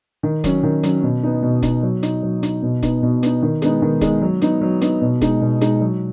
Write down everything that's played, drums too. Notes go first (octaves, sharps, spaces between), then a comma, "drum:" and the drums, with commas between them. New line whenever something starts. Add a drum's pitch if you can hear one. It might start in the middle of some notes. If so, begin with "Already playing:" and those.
D#3
F#3 C#4, drum: kick, hi-hat
D#3
F#3 C#4, drum: hi-hat
B2
B3 D#4
B2
B3 D#4, drum: kick, hi-hat
F#3
D#4, drum: hi-hat
F#3
D#4, drum: hi-hat
B2
B3 D#4, drum: kick, hi-hat
B2
B3 D#4, drum: hi-hat
D#3
G#3 B3 D#4, drum: hi-hat
D#3
G#3 B3 D#4, drum: kick, hi-hat
F#3
B3 D#4, drum: hi-hat
F#3
B3 D#4, drum: hi-hat
B2
G#3 D#4, drum: kick, hi-hat
B2
G#3 D#4, drum: hi-hat
F#3